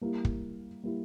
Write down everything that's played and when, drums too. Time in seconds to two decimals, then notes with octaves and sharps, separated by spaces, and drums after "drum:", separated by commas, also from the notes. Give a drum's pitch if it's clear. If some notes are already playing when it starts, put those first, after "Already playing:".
0.01 G3 A#3 E4
0.25 drum: kick
0.83 G3 A#3 E4